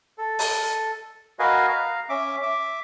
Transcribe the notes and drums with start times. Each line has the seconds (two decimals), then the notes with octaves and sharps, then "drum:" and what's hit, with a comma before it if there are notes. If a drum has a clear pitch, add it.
0.18 A4
0.39 drum: open hi-hat
1.39 F#4 A#4 B4 D#5 F5 G#5
1.69 F5 A#5
2.09 C#4 E5 D6
2.42 E5 D6